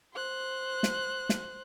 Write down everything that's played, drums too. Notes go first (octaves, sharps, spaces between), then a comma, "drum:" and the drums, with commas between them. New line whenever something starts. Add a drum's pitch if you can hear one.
C5 F#6
drum: snare
drum: snare